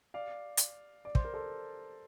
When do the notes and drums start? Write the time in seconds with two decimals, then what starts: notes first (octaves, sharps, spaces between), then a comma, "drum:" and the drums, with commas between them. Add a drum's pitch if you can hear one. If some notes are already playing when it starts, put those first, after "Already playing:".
0.14 D5 F5
0.57 drum: hi-hat
1.05 D5
1.15 C5, drum: kick
1.25 A#4
1.34 A4 C5